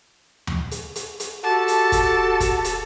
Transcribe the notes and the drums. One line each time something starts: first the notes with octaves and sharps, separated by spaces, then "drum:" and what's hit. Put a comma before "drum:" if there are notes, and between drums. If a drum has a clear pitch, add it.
drum: tom D#2
drum: hi-hat
drum: hi-hat
drum: hi-hat
F#4 G4 A4 A5
drum: hi-hat
drum: kick, hi-hat
drum: kick, hi-hat
drum: hi-hat